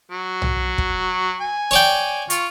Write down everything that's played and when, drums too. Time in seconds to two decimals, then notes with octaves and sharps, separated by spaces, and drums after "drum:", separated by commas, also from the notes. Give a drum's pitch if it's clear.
0.11 F#3
0.42 drum: tom B1
0.78 drum: kick
1.41 G#5
1.71 C#5 D5 G5
2.30 F4 C#6, drum: hi-hat